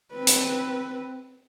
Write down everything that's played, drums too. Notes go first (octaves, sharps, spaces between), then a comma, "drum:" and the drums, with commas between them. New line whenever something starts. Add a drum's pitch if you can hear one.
C4 B4
drum: hi-hat